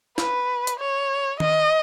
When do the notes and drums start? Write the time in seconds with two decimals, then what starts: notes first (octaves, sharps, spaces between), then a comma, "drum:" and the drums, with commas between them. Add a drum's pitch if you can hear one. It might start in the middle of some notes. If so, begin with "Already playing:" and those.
0.18 B4, drum: snare
0.67 drum: hi-hat
0.79 C#5
1.40 D#5, drum: tom D#3